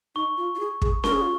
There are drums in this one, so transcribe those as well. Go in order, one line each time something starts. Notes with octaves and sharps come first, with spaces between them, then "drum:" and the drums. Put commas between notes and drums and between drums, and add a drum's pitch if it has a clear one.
D#4 C#6
F4
F4
G#4
G#4, drum: kick
A#4 C#6, drum: snare C#4
G#4
F4